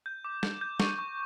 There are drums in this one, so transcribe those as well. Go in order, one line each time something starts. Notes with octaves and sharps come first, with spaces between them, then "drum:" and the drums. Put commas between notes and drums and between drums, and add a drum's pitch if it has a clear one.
G6
D6
G6, drum: snare
G6
C#6, drum: snare
C#6